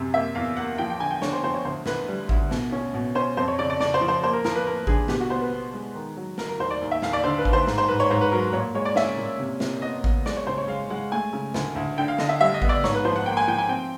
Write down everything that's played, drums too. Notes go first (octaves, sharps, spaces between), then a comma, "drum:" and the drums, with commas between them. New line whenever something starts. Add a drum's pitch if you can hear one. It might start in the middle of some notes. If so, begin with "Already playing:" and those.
Already playing: F#2 C3
A#3 E5
E2 F5
A#3 F#5
F3 G5
G5
D3 G#5
G5
D3 C#5, drum: snare
C5
F3 C5
C#5
D2 C5
D2 B4, drum: snare
G3
D2, drum: kick A1
B2, drum: snare
C#4
B2
C#4 C5
F2 C5
C#5
C#3 D5
D5
C#3 D5, drum: snare
C5
F3
C5
A#3 C5
A#4
F3 A#4, drum: snare
B4
A#3 A#4
D3 G#4, drum: kick A1
B2 G4, drum: snare
F#4
B3 C5
B4
B3
G#3
D#3
F#3
F#3 A#4, drum: snare
A#4
D#2 C5
D5
D#2
E5
D#2 F5, drum: snare
D5
D3 C5
B4
D#2, drum: kick A1
C5
G#2, drum: snare
C5
G#2 B4
C#5
G#2 C5
B4
F#3 A#4
A#2 C#5
G#3 C#5
D5
C#4 E5, drum: snare
A#2
C3
C3, drum: snare
B3 D#5
B3, drum: kick A1
G#3 D5, drum: snare
C#5
C#3 C5
C#5
G#3 F5
G#3 F#5
A3 G#5
C#3
D2, drum: snare
D2
D3 G5
F5
D3 D#5, drum: snare
E5
G3 E5
D#5
B3, drum: kick A1
D5
G#2 C#5, drum: snare
B4
F3 C5
F#5
A#3 G5
G#5
F3 G5
G#5
C4 G5